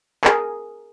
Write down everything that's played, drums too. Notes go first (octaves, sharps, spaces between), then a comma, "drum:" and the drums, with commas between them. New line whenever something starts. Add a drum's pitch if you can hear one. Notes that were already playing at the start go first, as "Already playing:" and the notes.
G#4 A#4, drum: clap